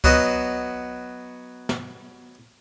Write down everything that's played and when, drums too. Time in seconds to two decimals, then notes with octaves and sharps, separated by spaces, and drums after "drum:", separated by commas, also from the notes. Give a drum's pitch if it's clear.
0.04 F#3 B3 F#4 D#5, drum: kick C#2
1.69 drum: snare